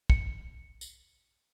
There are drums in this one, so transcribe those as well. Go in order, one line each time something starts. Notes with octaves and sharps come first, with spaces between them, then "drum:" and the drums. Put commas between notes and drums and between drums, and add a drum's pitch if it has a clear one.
C#7, drum: kick
drum: tambourine